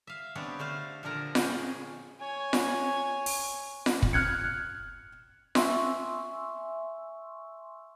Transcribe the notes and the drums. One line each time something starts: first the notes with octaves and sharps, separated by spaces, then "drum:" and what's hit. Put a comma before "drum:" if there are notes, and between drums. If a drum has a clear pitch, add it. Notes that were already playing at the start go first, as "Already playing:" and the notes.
E5 F5
B3 C4 D4 G4 C#5
D3 A3 C5 F5
A#2 D3 F3 A4 A#4 A#5
G#4 C#5 G5, drum: snare F4
C#5 G#5
drum: snare F4
drum: open hi-hat
drum: snare F4
drum: kick
F6 F#6 G#6 C#7
E5 G#5 C6 C#6 E6, drum: snare F4